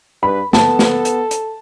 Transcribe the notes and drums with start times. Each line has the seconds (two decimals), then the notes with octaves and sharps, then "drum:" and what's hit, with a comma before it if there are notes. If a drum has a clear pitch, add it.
0.23 G2 B4 B5
0.53 B3 A4 A5, drum: snare
0.79 drum: snare
1.05 drum: hi-hat
1.31 drum: hi-hat